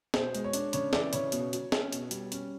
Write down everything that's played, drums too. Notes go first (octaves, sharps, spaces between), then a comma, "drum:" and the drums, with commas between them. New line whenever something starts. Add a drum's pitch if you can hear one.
B2 C5, drum: snare
G#3, drum: hi-hat
C#5
D4, drum: hi-hat
C#3 C#5, drum: hi-hat
E3 D5, drum: snare
C#3 C#5, drum: hi-hat
B2, drum: hi-hat
F#3, drum: hi-hat
C#4, drum: snare
B2, drum: hi-hat
G3, drum: hi-hat
C#4, drum: hi-hat